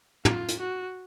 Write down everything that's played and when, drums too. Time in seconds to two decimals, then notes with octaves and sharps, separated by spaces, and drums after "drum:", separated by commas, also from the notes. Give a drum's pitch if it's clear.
0.25 F4, drum: tom
0.49 drum: hi-hat
0.60 F#4